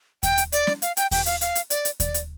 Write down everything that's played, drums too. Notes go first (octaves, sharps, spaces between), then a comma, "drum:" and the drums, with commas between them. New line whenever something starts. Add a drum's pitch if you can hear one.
G5, drum: kick D#2, hi-hat
drum: hi-hat
D5, drum: hi-hat
drum: snare
F5, drum: hi-hat
G5, drum: hi-hat
G5, drum: kick D#2, open hi-hat
F5, drum: hi-hat
F5, drum: hi-hat
drum: hi-hat
D5, drum: hi-hat
drum: hi-hat
D5, drum: kick D#2, hi-hat
drum: hi-hat